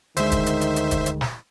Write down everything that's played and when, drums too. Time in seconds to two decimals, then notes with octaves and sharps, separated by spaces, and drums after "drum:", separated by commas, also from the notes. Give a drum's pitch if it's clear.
0.17 D2 D#3 G#3 C5 E5, drum: hi-hat
0.31 drum: kick, hi-hat
0.46 drum: hi-hat
0.61 drum: hi-hat
0.76 drum: hi-hat
0.91 drum: kick, hi-hat
1.06 drum: hi-hat
1.21 drum: snare